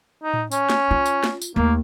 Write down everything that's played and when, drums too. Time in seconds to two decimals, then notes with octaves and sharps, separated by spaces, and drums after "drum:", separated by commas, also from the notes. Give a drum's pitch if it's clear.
0.24 D#4
0.34 drum: tom A2
0.52 C#4, drum: tambourine
0.70 drum: snare
0.91 F4
1.06 drum: tambourine
1.24 drum: snare
1.42 drum: tambourine
1.56 D#2 A3 A#3